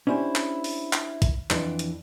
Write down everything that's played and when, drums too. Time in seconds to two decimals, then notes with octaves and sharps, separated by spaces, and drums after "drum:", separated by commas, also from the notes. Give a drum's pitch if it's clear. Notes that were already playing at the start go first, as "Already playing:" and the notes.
0.07 C#4 D4 E4 G4 C5
0.36 drum: clap
0.64 drum: open hi-hat
0.93 drum: clap
1.22 drum: kick, hi-hat
1.51 F2 E3 D4 C6, drum: clap
1.79 drum: hi-hat